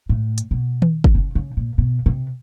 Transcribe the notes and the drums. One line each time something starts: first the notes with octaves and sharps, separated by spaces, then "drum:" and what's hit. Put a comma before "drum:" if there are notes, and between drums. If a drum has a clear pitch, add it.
A2
drum: hi-hat
B2
drum: tom D#3
drum: kick
C#3
C#3
A#2
B2
C3